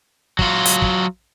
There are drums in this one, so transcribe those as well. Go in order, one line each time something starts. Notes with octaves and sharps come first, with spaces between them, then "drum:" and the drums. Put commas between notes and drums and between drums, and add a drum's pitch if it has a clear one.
F#3 F4, drum: kick
drum: hi-hat
drum: kick